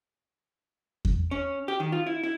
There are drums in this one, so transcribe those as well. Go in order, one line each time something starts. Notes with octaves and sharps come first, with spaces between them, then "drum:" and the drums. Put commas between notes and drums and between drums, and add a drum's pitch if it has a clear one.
drum: kick E2
C#4
G4
D#3
F4
E4
E4